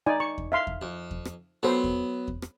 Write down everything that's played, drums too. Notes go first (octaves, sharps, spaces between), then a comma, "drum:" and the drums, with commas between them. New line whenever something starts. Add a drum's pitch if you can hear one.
D#4 D5 G#5
C#6
drum: kick E2
E5 F5 C6
drum: kick E2
F2
drum: kick E2
drum: rim click
F#3 B3 A4 C5
drum: kick E2
drum: kick E2
drum: rim click